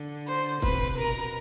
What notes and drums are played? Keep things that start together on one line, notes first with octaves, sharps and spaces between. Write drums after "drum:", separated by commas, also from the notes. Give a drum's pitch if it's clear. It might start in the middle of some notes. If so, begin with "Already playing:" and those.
Already playing: D3
C5
C3 B4, drum: kick
B2 A#4